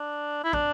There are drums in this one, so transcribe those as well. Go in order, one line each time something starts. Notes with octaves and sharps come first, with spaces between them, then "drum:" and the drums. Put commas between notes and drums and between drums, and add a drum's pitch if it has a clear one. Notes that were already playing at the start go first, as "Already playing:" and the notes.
Already playing: D4
E4
D4, drum: kick